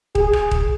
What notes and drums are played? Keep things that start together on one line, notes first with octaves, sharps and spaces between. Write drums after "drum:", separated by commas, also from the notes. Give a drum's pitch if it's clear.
G#4, drum: kick D#1
drum: rim click
drum: kick D#1